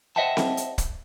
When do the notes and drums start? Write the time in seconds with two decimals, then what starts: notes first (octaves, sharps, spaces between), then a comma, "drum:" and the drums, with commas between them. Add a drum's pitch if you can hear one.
0.16 C5 D#5 E5 F#5 G5 A5
0.37 drum: snare C4
0.57 drum: hi-hat
0.78 drum: kick, hi-hat